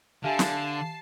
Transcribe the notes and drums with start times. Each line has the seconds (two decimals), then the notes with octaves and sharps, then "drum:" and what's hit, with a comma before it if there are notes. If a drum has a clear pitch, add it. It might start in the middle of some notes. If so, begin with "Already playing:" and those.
0.24 D3 G4 E5 F5 G#5 A5 C7
0.39 drum: snare